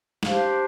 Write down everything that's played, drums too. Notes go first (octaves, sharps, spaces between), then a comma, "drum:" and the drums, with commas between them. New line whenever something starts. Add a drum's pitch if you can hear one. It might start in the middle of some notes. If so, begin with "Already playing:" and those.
D4 G4 C5 F5, drum: snare